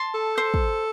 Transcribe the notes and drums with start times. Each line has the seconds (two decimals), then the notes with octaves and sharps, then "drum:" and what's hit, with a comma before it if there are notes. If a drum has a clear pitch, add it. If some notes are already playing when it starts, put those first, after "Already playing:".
Already playing: A5 C6
0.14 A4
0.38 C5
0.54 drum: kick